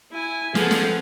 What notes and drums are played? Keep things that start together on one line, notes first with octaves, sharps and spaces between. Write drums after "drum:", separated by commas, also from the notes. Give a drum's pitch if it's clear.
E4 G#5
F3 C4 G#4 A4 B4 F#5, drum: snare
drum: snare